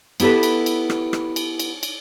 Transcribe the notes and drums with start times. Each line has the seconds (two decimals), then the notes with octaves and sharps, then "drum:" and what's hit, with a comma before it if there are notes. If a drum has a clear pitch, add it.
0.20 B3 E4 G4 A4 B4, drum: cymbal
0.43 drum: cymbal
0.66 drum: cymbal
0.90 drum: rim click
1.13 drum: rim click
1.36 drum: cymbal
1.60 drum: cymbal
1.83 drum: cymbal